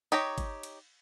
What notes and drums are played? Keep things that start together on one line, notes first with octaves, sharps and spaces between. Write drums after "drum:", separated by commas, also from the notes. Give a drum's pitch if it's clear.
D#4 G4 C#5 A#5, drum: cymbal
drum: kick G1, cymbal
drum: cymbal